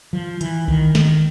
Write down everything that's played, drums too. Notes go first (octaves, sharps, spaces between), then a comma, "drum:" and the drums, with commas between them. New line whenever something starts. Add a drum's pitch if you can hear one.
F3
E3, drum: hi-hat
D#3, drum: kick B1
D#3, drum: snare